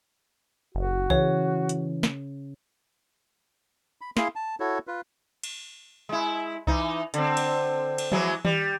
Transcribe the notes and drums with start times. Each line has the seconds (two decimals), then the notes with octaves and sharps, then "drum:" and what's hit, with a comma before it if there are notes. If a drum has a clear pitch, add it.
0.75 F#1 F#4
1.10 C#3 E3 C#5, drum: kick C2
1.69 drum: hi-hat
2.03 drum: snare
4.01 B5
4.17 E4 G#4 F5 C6, drum: snare
4.36 A5
4.60 E4 F#4 A4 C#5
4.87 F4 B4
5.43 drum: cymbal
6.09 G#3 E4
6.67 E3 D#4, drum: kick C2
7.14 D3 C4, drum: hi-hat
7.37 drum: cymbal
7.98 drum: cymbal
8.12 E3 F#3 G#3, drum: tom F3
8.45 G3, drum: tom D#3